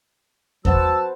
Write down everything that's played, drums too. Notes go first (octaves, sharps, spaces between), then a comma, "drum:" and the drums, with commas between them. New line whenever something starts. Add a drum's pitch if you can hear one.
F#3 F#4 B4 C5 F#5 A5 E6, drum: kick E2